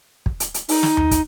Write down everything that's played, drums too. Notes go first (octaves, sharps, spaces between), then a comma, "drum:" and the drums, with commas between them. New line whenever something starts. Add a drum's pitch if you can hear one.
drum: kick
drum: hi-hat
drum: hi-hat
D#4, drum: open hi-hat
drum: snare
drum: tom D#2
drum: kick, hi-hat